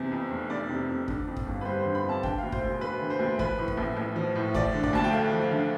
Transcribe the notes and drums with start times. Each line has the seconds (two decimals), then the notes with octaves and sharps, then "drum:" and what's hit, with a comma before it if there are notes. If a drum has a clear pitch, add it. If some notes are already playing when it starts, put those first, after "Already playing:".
Already playing: E2 C3
0.11 F2
0.31 F1
0.50 F1 D5
0.69 C3
0.89 F2
1.08 D3, drum: kick
1.27 F2
1.37 drum: kick
1.46 G1
1.61 B4
1.65 G3 C5
1.80 C5
1.85 D3
1.95 B5
2.04 F2 A5
2.23 D3 G5, drum: kick
2.38 D2 F5
2.52 C5, drum: kick
2.62 E1
2.81 E1 B4
3.01 D3
3.10 C5
3.19 D2
3.39 F3 B4, drum: kick
3.58 A2
3.68 drum: kick
3.77 A1
3.97 A1
4.16 F3
4.35 A2
4.54 F3 D5, drum: kick
4.74 D3
4.83 D5, drum: kick
4.93 D2 A5
5.04 G5
5.12 A3 F5
5.32 F3
5.41 F5
5.51 D3